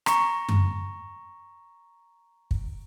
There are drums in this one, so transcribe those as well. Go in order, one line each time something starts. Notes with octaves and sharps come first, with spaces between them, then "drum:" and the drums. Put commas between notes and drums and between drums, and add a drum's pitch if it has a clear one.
A#5 C#6, drum: rim click
drum: tom F#2
drum: kick